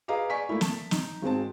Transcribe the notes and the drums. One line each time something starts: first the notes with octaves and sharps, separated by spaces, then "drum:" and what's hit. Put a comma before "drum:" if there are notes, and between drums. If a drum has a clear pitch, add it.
G#4 B4 D#5 F5 A#5 D6
D5 G#5 C#6 B6
A3 A#3 E4
A5, drum: snare
D#4, drum: snare
G#1 G#3 C4 A5